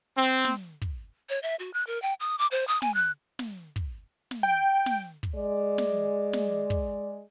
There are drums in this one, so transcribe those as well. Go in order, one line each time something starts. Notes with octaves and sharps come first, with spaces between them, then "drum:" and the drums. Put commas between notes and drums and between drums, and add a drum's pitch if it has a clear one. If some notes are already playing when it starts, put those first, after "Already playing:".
C4
drum: snare
drum: kick
C#5
E5
F#4
F#6
A#4
G5
D#6
D6
C5
D#6
G#5, drum: snare
F#6
drum: snare
drum: kick
drum: snare
G5
drum: snare
drum: kick
G#3 D5
drum: snare
drum: snare
drum: kick